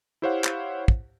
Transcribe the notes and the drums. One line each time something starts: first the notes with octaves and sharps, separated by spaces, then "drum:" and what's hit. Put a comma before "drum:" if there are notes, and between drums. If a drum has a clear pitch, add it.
E4 G4 C5 C#5 F5 F#5
drum: clap
drum: kick